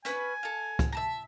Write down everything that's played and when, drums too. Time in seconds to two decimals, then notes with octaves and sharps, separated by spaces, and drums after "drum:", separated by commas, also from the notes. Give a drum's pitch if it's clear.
0.05 C#4 B4 G#5, drum: hi-hat
0.43 A4 F5
0.79 drum: kick C#2, hi-hat
0.92 E5 A5 A#5